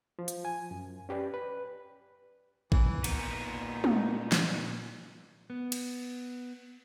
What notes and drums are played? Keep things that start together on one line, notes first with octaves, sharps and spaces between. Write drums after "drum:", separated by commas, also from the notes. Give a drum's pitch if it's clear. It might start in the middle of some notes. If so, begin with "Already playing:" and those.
F3
drum: hi-hat
G#5
F#2
C#4 G4 B4 D5
B4
E3, drum: kick A1
A#2 B3 D#4, drum: cymbal
drum: tom
drum: snare
B3
drum: cymbal